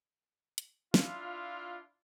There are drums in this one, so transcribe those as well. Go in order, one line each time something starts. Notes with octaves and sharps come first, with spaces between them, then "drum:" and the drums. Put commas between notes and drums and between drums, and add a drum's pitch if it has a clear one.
drum: hi-hat
D4 E4 F4, drum: snare